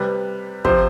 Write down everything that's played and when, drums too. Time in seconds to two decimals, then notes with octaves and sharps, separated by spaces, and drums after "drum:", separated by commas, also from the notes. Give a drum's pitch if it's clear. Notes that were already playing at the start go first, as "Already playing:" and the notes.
Already playing: C3 G3 B4
0.65 C3 F3 C5, drum: kick